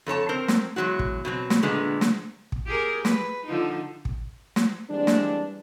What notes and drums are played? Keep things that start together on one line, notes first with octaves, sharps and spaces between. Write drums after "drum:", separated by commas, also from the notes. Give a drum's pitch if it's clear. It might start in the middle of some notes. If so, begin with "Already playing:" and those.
F2 A4 C#5 A5
C4 A#4 C5
drum: snare
E2 A#2 F#3 G#3 F#4
drum: kick
B2 F#3 C4
drum: snare
E2 A#2 D3 G#3 B3
drum: snare
drum: kick
G4 G#4 A#4
B4, drum: snare
D3 F3 D#4
drum: kick
drum: snare
E3 G3 G#3 A#3 C4 D4
drum: snare